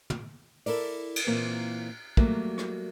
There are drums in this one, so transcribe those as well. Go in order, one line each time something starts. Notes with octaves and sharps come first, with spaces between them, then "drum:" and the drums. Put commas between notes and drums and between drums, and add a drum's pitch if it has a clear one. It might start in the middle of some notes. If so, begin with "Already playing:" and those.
drum: tom
E4 A4 A#4 D5, drum: open hi-hat
drum: cymbal
A#2 E3 A#3 C4
F#3 G3 A3 A#3 F#4, drum: kick
drum: rim click